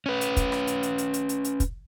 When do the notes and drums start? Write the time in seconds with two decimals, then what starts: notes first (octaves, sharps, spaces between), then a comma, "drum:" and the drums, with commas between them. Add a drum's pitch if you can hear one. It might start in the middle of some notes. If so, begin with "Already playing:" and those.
0.06 C#4 B4
0.21 drum: hi-hat
0.37 drum: kick, hi-hat
0.52 drum: rim click
0.67 drum: hi-hat
0.83 drum: hi-hat
0.98 drum: hi-hat
1.14 drum: hi-hat
1.29 drum: hi-hat
1.45 drum: hi-hat
1.60 drum: kick, hi-hat